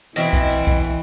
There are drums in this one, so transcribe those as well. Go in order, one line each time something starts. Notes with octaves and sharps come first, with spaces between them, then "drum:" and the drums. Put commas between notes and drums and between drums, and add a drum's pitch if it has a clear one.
B2 E3 C4 E4, drum: hi-hat
drum: kick B1, hi-hat
drum: hi-hat
drum: kick B1, hi-hat
drum: hi-hat